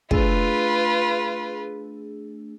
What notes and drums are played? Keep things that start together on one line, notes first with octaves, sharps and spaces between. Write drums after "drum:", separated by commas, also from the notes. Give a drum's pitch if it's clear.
A3 D4 F4 G#4 B4, drum: kick